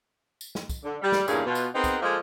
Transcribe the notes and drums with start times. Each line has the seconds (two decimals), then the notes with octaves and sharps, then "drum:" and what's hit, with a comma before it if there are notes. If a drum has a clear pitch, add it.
0.41 drum: tambourine
0.55 drum: snare
0.69 drum: kick, tambourine
0.84 D3
1.02 G3
1.12 drum: snare
1.28 E2 G2 A#2 C#3 A#3 G#4, drum: tambourine
1.46 B2 F4
1.55 drum: tambourine
1.75 B3 C4 D#4 G#4 A#4 B4
1.84 drum: kick, tambourine
2.02 F3 G#3 A#3 F4 A4 D#5